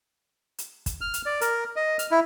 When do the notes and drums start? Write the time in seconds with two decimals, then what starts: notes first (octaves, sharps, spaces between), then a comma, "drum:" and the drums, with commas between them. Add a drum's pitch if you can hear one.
0.58 drum: hi-hat
0.86 drum: kick, hi-hat
1.01 F6
1.14 drum: hi-hat
1.26 D5
1.41 A#4, drum: hi-hat
1.76 D#5
1.99 F6, drum: hi-hat
2.11 E4